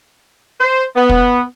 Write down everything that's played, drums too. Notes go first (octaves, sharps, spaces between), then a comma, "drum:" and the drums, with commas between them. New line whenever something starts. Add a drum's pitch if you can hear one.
C5
B3
drum: kick